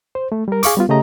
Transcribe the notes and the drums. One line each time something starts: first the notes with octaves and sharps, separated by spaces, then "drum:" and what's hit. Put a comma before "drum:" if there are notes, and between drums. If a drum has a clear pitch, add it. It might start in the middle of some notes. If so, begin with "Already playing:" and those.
C5
A3
G3 A#4
G#4 F5 C#6 D6, drum: hi-hat
G3 B3 F4
C#3 A3 G4 D#5 A#5